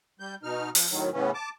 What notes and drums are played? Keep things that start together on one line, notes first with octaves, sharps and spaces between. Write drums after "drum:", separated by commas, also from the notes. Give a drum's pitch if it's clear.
G3 G6
B2 D#4 F6
F3, drum: open hi-hat
A2 D#3 F#3
A2 C#3 E3 B3 C#4
A5 D6